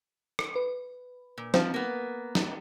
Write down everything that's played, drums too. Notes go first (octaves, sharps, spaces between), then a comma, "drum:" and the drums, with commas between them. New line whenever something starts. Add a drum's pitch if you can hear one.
drum: rim click
B4
A#2
F3 C4, drum: snare
A#3 B3
drum: snare